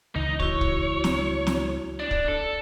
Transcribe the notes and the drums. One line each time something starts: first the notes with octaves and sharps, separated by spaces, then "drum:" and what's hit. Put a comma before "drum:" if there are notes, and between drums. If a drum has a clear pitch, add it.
C#2 E3 D#4
E4 F#4 C#5, drum: kick
drum: kick
drum: snare
drum: snare
D4 D5
drum: kick
A4